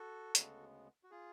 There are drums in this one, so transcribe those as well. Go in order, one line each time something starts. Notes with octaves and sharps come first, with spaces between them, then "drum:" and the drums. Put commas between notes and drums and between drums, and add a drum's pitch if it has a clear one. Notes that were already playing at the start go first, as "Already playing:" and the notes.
Already playing: F#4 A4
D2 C#3 G#3 B3, drum: hi-hat
F#4
F4 G#4